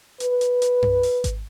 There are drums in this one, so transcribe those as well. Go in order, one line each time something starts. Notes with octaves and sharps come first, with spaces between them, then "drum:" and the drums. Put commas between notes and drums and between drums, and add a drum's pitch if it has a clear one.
B4, drum: hi-hat
drum: hi-hat
drum: hi-hat
drum: tom F#2
drum: open hi-hat
drum: kick G#1, hi-hat